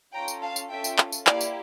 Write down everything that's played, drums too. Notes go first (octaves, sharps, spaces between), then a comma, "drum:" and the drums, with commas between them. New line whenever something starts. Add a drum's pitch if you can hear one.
C#4 F4 A4 G5 A#5
drum: tambourine
F5 A5
drum: tambourine
C#4 F4 A4 E5 G5
drum: tambourine
drum: clap
drum: tambourine
A#3 E4 G4 D5 F5, drum: clap
drum: tambourine